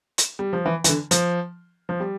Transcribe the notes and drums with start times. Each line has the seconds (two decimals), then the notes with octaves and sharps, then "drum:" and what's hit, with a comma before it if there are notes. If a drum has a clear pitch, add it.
0.18 drum: hi-hat
0.39 G3
0.53 F3
0.66 E3
0.84 E3, drum: hi-hat
0.89 D3
1.11 F3, drum: hi-hat
1.89 F3
2.00 G3